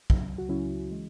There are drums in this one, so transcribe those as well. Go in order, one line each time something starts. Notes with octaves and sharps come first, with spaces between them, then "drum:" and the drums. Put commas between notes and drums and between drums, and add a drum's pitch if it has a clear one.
C#2 C#3 F#3, drum: kick
F#4
C#2 C#3 F#3 C#4 E4
E3 G#3